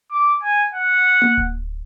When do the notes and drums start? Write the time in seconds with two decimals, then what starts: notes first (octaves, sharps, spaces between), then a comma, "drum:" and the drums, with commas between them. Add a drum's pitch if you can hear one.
0.12 D6
0.43 G#5
0.74 F#5
1.22 drum: tom A#3
1.37 drum: kick D1